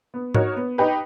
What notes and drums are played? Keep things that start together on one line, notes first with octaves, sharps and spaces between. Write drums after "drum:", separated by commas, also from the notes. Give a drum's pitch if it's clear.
B3
D#4 F#4 A#4 C#5, drum: tom
B3
D#4 G4 B4